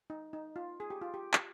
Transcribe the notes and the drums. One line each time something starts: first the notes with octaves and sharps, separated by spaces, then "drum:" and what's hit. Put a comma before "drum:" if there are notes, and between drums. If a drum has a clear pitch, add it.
D#4
D#4
F4
G#4
G4
F4
G4
drum: clap